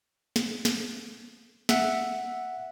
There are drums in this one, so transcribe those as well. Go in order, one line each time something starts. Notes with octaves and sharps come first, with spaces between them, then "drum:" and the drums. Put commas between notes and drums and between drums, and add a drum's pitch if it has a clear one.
drum: snare
drum: snare
E5 F#5, drum: snare